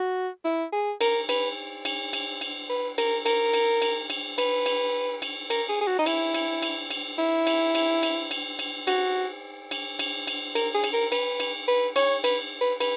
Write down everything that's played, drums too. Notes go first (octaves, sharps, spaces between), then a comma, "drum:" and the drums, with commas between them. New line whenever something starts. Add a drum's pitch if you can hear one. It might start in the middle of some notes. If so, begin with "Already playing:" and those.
Already playing: F#4
E4
G#4
A#4, drum: cymbal
B4, drum: cymbal
drum: cymbal
drum: cymbal
drum: cymbal
B4
A#4, drum: cymbal
A#4, drum: cymbal
drum: cymbal
drum: cymbal
drum: cymbal
B4, drum: cymbal
drum: cymbal
drum: cymbal
A#4, drum: cymbal
G#4
G#4
F#4
D#4
E4, drum: cymbal
drum: cymbal
drum: cymbal
drum: cymbal
E4
drum: cymbal
drum: cymbal
drum: cymbal
drum: cymbal
drum: cymbal
F#4, drum: cymbal
drum: cymbal
drum: cymbal
drum: cymbal
A#4, drum: cymbal
G#4
drum: cymbal
A#4
B4, drum: cymbal
drum: cymbal
B4
C#5, drum: cymbal
B4, drum: cymbal
B4
B4, drum: cymbal